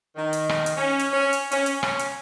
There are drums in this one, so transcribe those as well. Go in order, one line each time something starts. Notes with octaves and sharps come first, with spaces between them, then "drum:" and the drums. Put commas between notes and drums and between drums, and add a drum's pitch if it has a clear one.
D#3
drum: hi-hat
drum: rim click
drum: hi-hat
C#4
drum: hi-hat
C#4
drum: hi-hat
C#4, drum: hi-hat
drum: hi-hat
C#4, drum: rim click
drum: hi-hat